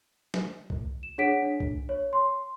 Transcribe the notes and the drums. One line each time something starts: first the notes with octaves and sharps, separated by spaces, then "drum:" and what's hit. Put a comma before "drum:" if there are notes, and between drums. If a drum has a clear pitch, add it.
drum: snare
drum: kick C2
E7
D4 G#4 C#5 F#5 B6 D7
D4
drum: kick C2
C#5
C6